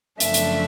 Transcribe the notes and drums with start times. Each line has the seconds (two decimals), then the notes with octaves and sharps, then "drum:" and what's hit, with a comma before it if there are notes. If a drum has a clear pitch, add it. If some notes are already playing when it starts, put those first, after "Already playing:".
0.20 F#2 C#3 F3 A3 D4 E5, drum: hi-hat
0.34 drum: hi-hat